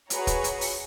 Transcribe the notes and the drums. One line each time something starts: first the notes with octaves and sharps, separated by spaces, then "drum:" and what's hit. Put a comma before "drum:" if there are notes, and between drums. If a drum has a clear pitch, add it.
F#4 G#4 B4 C#5 A#5, drum: hi-hat
drum: kick, hi-hat
drum: hi-hat
drum: open hi-hat